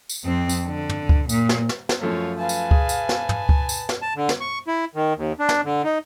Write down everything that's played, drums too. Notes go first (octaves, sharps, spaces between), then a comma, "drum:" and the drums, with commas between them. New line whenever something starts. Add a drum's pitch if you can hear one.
drum: tambourine
F2 C4
drum: tambourine
D3
drum: tom
drum: kick C#2
A#2, drum: tambourine
drum: snare
drum: snare
drum: snare
F#2 F3 A3 F4 C#5 F5
B4 F5 G#5 A5
drum: tambourine
G#4, drum: kick C#2
drum: tambourine
drum: snare
drum: tom
drum: kick C#2
drum: tambourine
drum: snare
A5
D3
drum: snare
C#6
E4
D#3
D#2
D4
drum: snare
D3
D#4